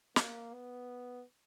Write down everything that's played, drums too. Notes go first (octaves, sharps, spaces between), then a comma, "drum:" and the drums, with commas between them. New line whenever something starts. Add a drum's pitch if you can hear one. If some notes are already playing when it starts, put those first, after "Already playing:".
A#3, drum: snare
B3